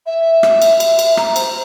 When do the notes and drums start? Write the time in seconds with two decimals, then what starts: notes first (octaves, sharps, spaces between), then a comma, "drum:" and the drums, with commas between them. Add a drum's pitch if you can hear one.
0.06 E5
0.43 drum: rim click
0.62 drum: cymbal
0.80 drum: cymbal
0.99 drum: cymbal
1.17 A#5, drum: rim click
1.36 C5, drum: cymbal